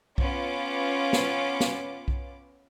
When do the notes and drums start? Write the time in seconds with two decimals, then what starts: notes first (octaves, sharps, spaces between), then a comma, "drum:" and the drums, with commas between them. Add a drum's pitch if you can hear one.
0.18 B3 C#4 F4 D6, drum: kick B1
1.13 drum: snare
1.60 drum: snare
2.08 drum: kick B1